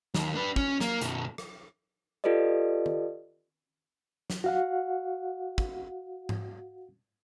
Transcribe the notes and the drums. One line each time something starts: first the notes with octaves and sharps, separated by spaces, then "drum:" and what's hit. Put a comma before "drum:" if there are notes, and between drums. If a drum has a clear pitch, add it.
D#2, drum: snare
D4 B4
C#4, drum: kick
A#3, drum: snare
B1 F#2, drum: hi-hat
drum: rim click
F4 G4 A4 B4 D5 D#5
drum: tom D#3
drum: snare
F#4 F5 F#5
drum: kick
drum: tom G#2